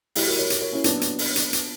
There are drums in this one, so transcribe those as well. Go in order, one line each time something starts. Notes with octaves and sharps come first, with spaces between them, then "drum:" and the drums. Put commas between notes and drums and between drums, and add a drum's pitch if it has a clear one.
A#2 F#3 E4 G4, drum: open hi-hat
F#4 A#4
A#4 C#5
drum: hi-hat
A#4 C#5
C#4 E4
A#2 F#3 B3 D4, drum: hi-hat
drum: hi-hat
drum: open hi-hat
drum: hi-hat
drum: hi-hat